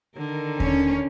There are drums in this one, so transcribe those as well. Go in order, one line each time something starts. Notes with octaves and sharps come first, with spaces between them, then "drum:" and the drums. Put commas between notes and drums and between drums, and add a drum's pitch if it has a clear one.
D3 D#3 A#4
C#4, drum: kick D#2